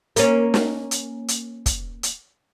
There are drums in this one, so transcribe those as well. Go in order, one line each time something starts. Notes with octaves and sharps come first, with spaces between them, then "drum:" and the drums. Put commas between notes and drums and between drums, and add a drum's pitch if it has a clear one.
A#3 C#4, drum: hi-hat
drum: snare
drum: hi-hat
drum: hi-hat
drum: kick, hi-hat
drum: hi-hat